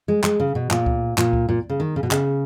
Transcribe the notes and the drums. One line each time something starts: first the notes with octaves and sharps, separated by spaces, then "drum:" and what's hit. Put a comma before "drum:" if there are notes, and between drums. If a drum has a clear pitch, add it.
G#3
G#3, drum: clap
C#3
B2
A#2, drum: clap
drum: kick C#2
A#2, drum: clap
drum: kick C#2
A#2
C#3
D#3
C#3
B2
C#3, drum: clap